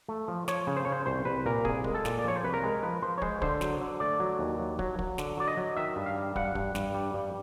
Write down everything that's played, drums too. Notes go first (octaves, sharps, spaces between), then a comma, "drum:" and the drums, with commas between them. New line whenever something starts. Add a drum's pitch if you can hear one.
A3
F3
F3 C#5, drum: snare
C#3
C5
C#3 C#5
C5
C2 C5
C2 B4
A#2 A#4
C2 G#4, drum: kick
G#3, drum: kick
A4
A#2, drum: snare
D5
F3 C#5
C5
C2 B4
A#4
G#3
F3 B4
F3 C5
C#5
G#3 C5, drum: kick
D3 C5, drum: kick
F#3, drum: snare
D3
A3 D5
F#3
D#2
F#3
F#3, drum: kick
F#3, drum: kick
D3, drum: snare
F#3 D5
D#5
F#3
D#3 E5
G2
F5
G3
G2 F#5, drum: kick
G2, drum: kick
G2, drum: snare
G3
G2